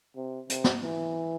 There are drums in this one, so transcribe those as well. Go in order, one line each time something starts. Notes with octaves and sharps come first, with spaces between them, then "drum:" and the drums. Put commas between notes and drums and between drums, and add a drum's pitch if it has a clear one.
C3
C3, drum: hi-hat
drum: snare
E3